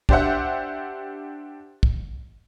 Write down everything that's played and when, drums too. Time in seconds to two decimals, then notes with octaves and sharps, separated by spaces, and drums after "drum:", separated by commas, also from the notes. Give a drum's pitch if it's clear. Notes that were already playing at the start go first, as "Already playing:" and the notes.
0.09 D4 G4 C5 E5 F#5, drum: kick
1.83 drum: kick